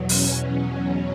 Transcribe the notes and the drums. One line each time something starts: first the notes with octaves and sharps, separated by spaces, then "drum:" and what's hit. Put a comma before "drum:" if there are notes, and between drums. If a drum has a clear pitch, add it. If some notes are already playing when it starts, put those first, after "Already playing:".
Already playing: E2 B2 F#3
C#4, drum: open hi-hat